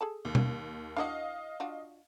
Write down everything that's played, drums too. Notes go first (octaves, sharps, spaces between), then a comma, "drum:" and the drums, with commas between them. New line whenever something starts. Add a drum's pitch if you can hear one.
G#4 A4 A5
D#2
drum: tom B2
D4 E4 F#4 D#5 F5
D4 F4 F#4